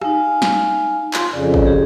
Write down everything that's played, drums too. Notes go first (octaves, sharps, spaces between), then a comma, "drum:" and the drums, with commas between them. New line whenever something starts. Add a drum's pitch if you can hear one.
D#4 F5 G#5, drum: rim click
drum: snare
F4, drum: clap
F2 C#3 D5
drum: kick
G4 G#4